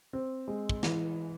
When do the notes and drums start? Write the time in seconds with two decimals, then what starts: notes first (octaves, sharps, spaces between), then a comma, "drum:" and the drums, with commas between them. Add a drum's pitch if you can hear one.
0.13 C4
0.48 G#3
0.69 drum: kick
0.83 E3, drum: snare